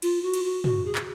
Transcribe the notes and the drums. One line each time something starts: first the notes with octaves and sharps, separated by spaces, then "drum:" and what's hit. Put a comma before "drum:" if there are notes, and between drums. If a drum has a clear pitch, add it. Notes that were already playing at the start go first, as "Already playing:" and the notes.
F4, drum: cymbal
F#4
drum: cymbal
F#4
F#4, drum: tom
G#4
drum: clap